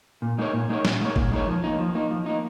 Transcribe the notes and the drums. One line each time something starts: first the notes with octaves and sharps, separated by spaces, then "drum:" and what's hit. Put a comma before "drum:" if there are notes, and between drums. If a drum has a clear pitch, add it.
A#2
G#3 D#4 A#4 C#5
A#2
G#3 D#4 A#4 C#5
A#2, drum: snare
G#3 D#4 A#4 C#5
A#2, drum: kick G1
G#3 D#4 A#4 C#5
F3
A#3 D#4
F3
A#3 D#4
F3
A#3 D#4